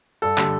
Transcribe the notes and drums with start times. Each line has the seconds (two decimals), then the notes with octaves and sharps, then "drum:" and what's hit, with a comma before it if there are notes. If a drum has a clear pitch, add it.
0.22 G2 A4
0.38 D3 G3, drum: clap